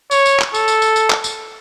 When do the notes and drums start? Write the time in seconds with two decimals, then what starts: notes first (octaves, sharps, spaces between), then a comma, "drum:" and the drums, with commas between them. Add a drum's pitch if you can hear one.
0.11 C#5, drum: tambourine
0.26 drum: tambourine
0.40 drum: clap
0.54 A4, drum: tambourine
0.68 drum: tambourine
0.82 drum: tambourine
0.96 drum: tambourine
1.10 drum: clap
1.24 drum: tambourine